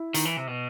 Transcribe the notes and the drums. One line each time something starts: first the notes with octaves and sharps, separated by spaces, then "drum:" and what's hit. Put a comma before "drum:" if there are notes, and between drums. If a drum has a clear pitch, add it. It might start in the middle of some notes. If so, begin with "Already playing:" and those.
Already playing: E4
D#3, drum: hi-hat
E3
C3
B2